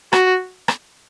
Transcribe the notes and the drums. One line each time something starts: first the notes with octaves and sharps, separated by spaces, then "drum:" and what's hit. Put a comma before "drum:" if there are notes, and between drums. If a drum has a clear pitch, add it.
F#4, drum: rim click
drum: rim click